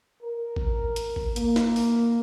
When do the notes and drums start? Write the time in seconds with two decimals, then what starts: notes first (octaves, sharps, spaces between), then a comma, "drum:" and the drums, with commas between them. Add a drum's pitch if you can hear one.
0.23 A#4
0.56 drum: kick A1
0.96 drum: hi-hat
1.16 drum: kick A1
1.36 A#3, drum: hi-hat
1.56 drum: snare
1.76 drum: open hi-hat